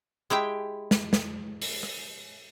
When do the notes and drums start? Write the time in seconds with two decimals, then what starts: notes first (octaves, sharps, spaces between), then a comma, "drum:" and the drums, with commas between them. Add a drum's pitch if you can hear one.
0.30 G#3 E4 G4 G5
0.91 drum: snare
1.13 drum: snare
1.62 drum: open hi-hat
1.83 drum: rim click